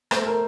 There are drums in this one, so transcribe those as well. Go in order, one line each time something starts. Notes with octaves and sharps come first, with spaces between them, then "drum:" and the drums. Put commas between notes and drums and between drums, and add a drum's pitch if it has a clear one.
A3 C5, drum: rim click
A#4